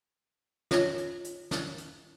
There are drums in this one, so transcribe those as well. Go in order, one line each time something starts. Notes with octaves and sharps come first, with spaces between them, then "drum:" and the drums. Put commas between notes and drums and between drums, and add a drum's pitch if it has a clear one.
F4 C#5, drum: snare
drum: hi-hat
drum: hi-hat
drum: snare
drum: hi-hat